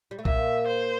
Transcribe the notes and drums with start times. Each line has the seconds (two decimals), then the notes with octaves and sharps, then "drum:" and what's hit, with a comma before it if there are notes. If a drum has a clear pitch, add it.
0.11 G3
0.19 A3
0.25 A#2 A#3 E5, drum: kick B1
0.68 C5